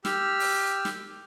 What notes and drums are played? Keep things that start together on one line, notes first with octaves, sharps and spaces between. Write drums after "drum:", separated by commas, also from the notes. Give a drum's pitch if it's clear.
G4 E6 F6, drum: snare
drum: open hi-hat
drum: snare